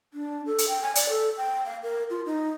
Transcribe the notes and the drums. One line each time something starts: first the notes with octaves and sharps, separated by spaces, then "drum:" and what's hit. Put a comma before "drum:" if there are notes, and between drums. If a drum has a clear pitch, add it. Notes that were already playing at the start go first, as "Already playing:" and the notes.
D4
A4
drum: hi-hat
G5
G#5
D5, drum: hi-hat
A4
G5
F5
A#4
F4
D#4